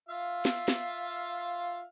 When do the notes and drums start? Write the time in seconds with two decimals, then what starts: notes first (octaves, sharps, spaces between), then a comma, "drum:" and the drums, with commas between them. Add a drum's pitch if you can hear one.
0.09 F4 E5 F5
0.45 drum: snare
0.68 drum: snare